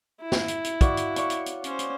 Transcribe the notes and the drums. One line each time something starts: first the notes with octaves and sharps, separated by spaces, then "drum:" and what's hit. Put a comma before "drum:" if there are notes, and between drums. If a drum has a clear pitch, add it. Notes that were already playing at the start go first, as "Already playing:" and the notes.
E4
drum: snare
drum: hi-hat
drum: hi-hat
F#4 D5 F5, drum: kick, hi-hat
drum: hi-hat
C#5 D5 C#6, drum: hi-hat
drum: hi-hat
drum: hi-hat
C#4 C5, drum: hi-hat
drum: hi-hat